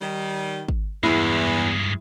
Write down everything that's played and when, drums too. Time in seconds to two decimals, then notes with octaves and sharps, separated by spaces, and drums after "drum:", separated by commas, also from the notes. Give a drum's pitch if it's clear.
0.01 D#3 G3
0.68 drum: kick
1.03 E2 G2 G#3 E4